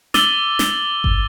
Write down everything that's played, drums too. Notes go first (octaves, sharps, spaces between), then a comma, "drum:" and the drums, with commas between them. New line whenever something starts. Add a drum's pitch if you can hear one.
D6 E6 A6 D#7 F#7 G7, drum: snare
drum: snare
drum: kick G1